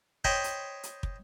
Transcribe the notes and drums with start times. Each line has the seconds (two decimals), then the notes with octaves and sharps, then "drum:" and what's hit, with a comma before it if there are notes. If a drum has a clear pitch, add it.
0.24 C5 C#5 D#5 G5 B5 C6, drum: kick
0.44 drum: hi-hat
0.83 drum: hi-hat
1.03 drum: kick